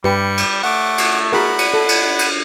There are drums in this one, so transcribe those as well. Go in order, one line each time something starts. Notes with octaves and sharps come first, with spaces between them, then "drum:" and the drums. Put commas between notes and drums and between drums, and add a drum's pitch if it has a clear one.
G2 G3 G4 B4 C#7
drum: cymbal
A3 F#5 D6
drum: cymbal
F#4 G#4 A#4 F#5 B5
drum: cymbal
A4
drum: cymbal
drum: cymbal